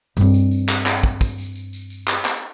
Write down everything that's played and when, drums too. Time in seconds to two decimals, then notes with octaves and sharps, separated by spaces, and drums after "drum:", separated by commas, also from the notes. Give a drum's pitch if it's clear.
0.17 G2 C4, drum: tambourine
0.34 drum: tambourine
0.51 drum: tambourine
0.69 drum: clap
0.86 drum: clap
1.04 drum: kick, tambourine
1.21 drum: kick, tambourine
1.38 drum: tambourine
1.56 drum: tambourine
1.73 drum: tambourine
1.90 drum: tambourine
2.08 drum: clap
2.25 drum: clap